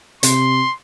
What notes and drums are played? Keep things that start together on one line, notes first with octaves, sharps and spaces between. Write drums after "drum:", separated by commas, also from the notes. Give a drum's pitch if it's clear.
C3 C6, drum: hi-hat